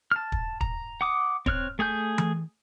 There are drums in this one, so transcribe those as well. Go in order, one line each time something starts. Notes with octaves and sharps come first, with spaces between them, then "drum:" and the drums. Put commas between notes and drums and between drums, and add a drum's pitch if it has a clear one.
A5 F6
drum: kick
A#5, drum: kick
F#5 D6 D#6
C4 C#5 F6 F#6, drum: kick
A3 G#4 G#5 G6
drum: tom E3